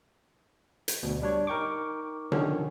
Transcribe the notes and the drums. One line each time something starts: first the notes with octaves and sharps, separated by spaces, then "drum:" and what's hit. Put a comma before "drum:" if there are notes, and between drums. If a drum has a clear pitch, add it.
drum: hi-hat
D2 B2
G3 D4 C#5
D#4 A#4 G5 C#6 D6
D3 D#3 F3 C#4, drum: tom C3